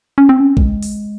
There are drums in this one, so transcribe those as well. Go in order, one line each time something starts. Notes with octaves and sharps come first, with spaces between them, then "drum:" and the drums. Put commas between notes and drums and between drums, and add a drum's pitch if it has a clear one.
C#4
C4
C#4
G#3, drum: kick A1
drum: open hi-hat